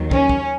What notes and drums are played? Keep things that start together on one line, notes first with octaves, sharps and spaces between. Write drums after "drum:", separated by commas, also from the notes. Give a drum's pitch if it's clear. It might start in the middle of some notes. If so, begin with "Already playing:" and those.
Already playing: D#2 D#3 F#3
C#4, drum: kick
drum: kick